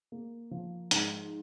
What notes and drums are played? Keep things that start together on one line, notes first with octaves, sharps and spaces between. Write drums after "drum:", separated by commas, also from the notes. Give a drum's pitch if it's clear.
A#3
F3
G#2, drum: hi-hat